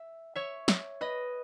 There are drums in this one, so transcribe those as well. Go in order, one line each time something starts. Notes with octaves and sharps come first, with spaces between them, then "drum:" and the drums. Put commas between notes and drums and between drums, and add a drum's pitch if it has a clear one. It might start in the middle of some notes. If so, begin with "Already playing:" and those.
Already playing: E5
C#5 E5
drum: snare
B4 D#5